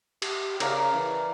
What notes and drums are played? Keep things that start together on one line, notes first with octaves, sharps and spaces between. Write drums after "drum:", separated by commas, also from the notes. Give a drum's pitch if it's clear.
G4, drum: cymbal
C#3 A#4 D5 F5, drum: cymbal
E3